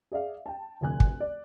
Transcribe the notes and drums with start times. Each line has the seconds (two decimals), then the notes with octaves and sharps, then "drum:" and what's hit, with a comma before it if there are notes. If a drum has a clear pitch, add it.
0.12 G#4 D5 E5 F5
0.46 G5 A5
0.81 F1 D2 G#5 F#6
1.00 drum: kick
1.20 D5